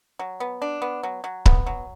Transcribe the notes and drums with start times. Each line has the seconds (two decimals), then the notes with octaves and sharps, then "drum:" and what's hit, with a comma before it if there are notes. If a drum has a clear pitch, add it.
0.19 F#3
0.40 B3
0.62 D4
0.82 B3
1.03 F#3
1.24 F#3
1.46 B3, drum: kick C#1
1.66 F#3